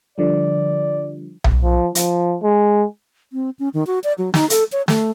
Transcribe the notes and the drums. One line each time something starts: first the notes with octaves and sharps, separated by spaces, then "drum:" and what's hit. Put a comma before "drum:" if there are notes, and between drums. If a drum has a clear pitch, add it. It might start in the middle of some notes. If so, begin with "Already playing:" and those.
D3 F3 G3 D5
drum: tom B1
F3
F3, drum: hi-hat
G#3
C4
C#4
D#3
F#4
D5
F#3
D#4, drum: snare
A4, drum: hi-hat
C#5
A3, drum: snare